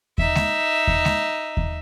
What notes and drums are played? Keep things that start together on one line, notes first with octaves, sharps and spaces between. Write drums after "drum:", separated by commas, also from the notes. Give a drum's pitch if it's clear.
D#4 E5, drum: kick D#2
drum: snare G#3
drum: kick D#2
drum: snare G#3
drum: kick D#2